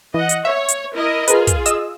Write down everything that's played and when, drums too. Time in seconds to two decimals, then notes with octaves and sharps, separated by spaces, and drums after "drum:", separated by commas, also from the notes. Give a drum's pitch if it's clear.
0.14 E3 D#5 F#5
0.29 drum: hi-hat
0.45 C#5 E5
0.68 drum: hi-hat
0.94 E4 A#4 D#5
1.28 F4 G#4 A#4 B4, drum: hi-hat
1.47 drum: kick, hi-hat
1.66 D#5 D#6 E6, drum: hi-hat